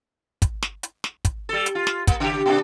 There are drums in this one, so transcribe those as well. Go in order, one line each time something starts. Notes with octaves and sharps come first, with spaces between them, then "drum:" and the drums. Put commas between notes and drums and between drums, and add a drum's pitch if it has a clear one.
drum: kick, hi-hat
drum: snare
drum: hi-hat
drum: snare
drum: kick, hi-hat
G3 A4
drum: hi-hat
F4
drum: snare
A#3, drum: kick, hi-hat
C#3 G4
B2 A#3 D4